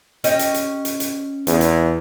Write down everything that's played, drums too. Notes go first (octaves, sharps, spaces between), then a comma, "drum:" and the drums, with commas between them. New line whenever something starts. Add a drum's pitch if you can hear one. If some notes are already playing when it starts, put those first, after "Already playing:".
C#4 G4 D#5, drum: hi-hat
drum: hi-hat
drum: hi-hat
drum: hi-hat
drum: hi-hat
E2, drum: hi-hat
drum: hi-hat